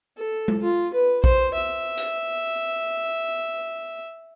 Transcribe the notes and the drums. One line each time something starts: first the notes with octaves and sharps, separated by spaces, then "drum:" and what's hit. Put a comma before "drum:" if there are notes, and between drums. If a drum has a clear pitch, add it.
A4
drum: tom G#3
F4
B4
C5, drum: kick A#1
E5
drum: hi-hat